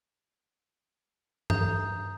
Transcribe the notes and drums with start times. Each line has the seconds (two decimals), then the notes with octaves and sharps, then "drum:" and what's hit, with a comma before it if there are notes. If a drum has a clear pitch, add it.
1.50 A#5 D#6 G6, drum: tom G2